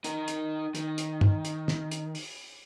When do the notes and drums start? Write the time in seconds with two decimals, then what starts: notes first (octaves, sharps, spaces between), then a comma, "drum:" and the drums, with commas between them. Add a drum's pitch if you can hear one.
0.04 D#4 A#4, drum: hi-hat
0.28 drum: hi-hat
0.75 D#3, drum: hi-hat
0.98 drum: hi-hat
1.21 drum: tom
1.45 drum: hi-hat
1.68 drum: snare
1.91 drum: hi-hat
2.15 drum: open hi-hat